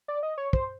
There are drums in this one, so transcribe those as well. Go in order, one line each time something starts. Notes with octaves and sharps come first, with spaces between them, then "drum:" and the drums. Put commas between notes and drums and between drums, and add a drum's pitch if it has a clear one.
D5
D#5
C#5
C5, drum: kick